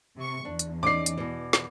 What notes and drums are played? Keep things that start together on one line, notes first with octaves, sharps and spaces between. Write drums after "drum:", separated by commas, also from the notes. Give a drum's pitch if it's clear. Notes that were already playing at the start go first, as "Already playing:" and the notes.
C3 C#6
E2 D4
drum: hi-hat
C#4 D#4 D5 D6 C7
drum: hi-hat
B2 E3
drum: snare